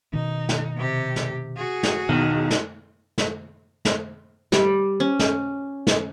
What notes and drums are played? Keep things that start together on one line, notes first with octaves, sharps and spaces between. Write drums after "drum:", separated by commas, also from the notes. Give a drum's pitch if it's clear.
B2 D#3 D#4
drum: snare
C3 G4
drum: snare
F#4 G#4
drum: snare
B1 E2 B2 D#3
drum: snare
drum: snare
drum: snare
G3, drum: snare
C#4
drum: snare
drum: snare